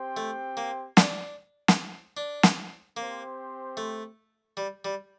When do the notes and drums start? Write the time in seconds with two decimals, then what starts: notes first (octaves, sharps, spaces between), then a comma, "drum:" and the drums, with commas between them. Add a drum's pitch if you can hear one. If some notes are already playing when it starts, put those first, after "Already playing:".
Already playing: C4 G4 C5 G5
0.17 A3
0.57 A#3
0.97 D4, drum: snare
1.68 drum: snare
2.17 D4
2.43 drum: snare
2.97 A#3 C4 G4 C5
3.77 A3
4.57 G3
4.85 G3